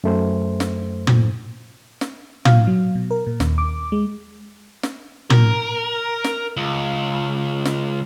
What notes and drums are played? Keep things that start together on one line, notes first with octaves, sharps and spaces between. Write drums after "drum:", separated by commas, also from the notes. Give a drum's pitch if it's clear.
F#2 A3 C5
drum: snare
drum: tom
drum: snare
F5, drum: tom
F#3
B2
A#4
A#2
D#2, drum: snare
D6
G#3
drum: snare
A#4, drum: tom
drum: snare
C#2
drum: snare